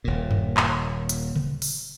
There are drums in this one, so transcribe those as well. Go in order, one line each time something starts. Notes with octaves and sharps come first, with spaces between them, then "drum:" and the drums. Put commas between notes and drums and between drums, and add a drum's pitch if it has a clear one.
D#1 A#2
drum: tom F#2
drum: clap
drum: hi-hat
drum: tom C#3
drum: open hi-hat